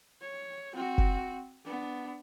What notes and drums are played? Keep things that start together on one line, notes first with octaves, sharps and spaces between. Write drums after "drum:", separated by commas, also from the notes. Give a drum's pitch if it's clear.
C#5
C4 F#4
drum: kick F#1
B3 D4